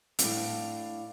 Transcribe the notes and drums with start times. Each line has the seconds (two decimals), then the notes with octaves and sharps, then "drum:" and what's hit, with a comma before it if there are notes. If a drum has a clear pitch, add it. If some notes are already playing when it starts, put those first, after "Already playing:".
0.19 A2 C#4 D4 F5, drum: hi-hat